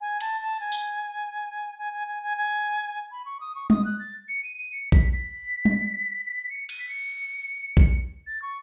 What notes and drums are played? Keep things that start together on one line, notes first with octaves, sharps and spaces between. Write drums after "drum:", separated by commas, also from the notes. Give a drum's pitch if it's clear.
G#5
A5, drum: cymbal
A5
G#5
drum: tambourine
G#5
G#5
G#5
G#5
G#5
B5
C#6
D#6
C#6
D#6, drum: tom G3
F#6
A6
C#7
D#7
D#7
C#7
B6, drum: kick A#1
B6
drum: tom G3
C#7
D#7, drum: cymbal
B6
C#7
drum: kick A#1
A6
C#6